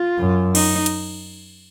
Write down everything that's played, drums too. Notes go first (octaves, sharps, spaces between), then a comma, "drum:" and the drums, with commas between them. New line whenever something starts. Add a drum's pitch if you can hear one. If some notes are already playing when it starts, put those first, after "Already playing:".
Already playing: F4
F#2
D#4, drum: cymbal
drum: hi-hat